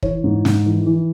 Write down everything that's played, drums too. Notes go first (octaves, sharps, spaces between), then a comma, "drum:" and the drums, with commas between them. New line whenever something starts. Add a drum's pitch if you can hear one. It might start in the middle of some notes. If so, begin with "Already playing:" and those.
E3 C#5, drum: kick
G#2
G#2, drum: snare
E3
E3